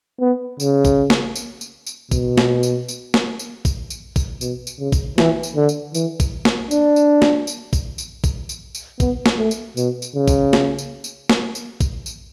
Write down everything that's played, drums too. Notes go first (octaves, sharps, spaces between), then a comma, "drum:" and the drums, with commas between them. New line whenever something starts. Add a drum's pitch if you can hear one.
B3
C#3, drum: tambourine
drum: kick, tambourine
drum: snare
drum: tambourine
drum: tambourine
drum: tambourine
B2, drum: kick, tambourine
drum: snare
drum: tambourine
drum: tambourine
drum: snare
drum: tambourine
drum: kick, tambourine
drum: tambourine
drum: kick, tambourine
B2, drum: tambourine
drum: tambourine
C#3
drum: kick, tambourine
E3, drum: snare
drum: tambourine
D3
drum: tambourine
E3, drum: tambourine
drum: kick, tambourine
drum: snare
D4, drum: tambourine
drum: tambourine
drum: snare
drum: tambourine
drum: kick, tambourine
drum: tambourine
drum: kick, tambourine
drum: tambourine
drum: tambourine
B3, drum: kick, tambourine
drum: snare
A3
drum: tambourine
B2, drum: tambourine
drum: tambourine
C#3
drum: kick, tambourine
drum: snare
drum: tambourine
drum: tambourine
drum: snare
drum: tambourine
drum: kick, tambourine
drum: tambourine